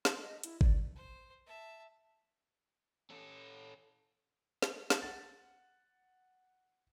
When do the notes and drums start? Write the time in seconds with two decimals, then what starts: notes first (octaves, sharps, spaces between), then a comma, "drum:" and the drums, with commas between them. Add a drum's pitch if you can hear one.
0.05 C6, drum: snare
0.21 D#5
0.43 E4, drum: hi-hat
0.61 D5, drum: kick G#1
0.95 C5
1.46 E5 A5
3.11 C#4 A4
4.62 drum: snare
4.90 drum: snare
5.02 F#5 A6